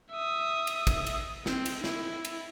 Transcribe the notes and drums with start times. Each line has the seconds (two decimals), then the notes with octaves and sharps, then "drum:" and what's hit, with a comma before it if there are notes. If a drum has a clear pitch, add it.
0.12 E5 D#6
0.67 drum: cymbal
0.87 drum: kick, cymbal
1.07 drum: cymbal
1.46 C4, drum: snare
1.66 drum: cymbal
1.84 E4, drum: snare
2.25 drum: cymbal